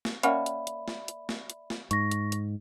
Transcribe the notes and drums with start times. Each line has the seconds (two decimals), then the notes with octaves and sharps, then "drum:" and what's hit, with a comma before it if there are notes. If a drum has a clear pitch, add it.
0.05 drum: snare
0.23 A#3 C#4 F#4 D5 E5 B5, drum: hi-hat
0.46 drum: hi-hat
0.67 drum: hi-hat
0.88 drum: snare
1.08 drum: hi-hat
1.29 drum: snare
1.50 drum: hi-hat
1.70 drum: snare
1.91 G#2 C#6 A#6, drum: hi-hat
2.11 drum: hi-hat
2.32 drum: hi-hat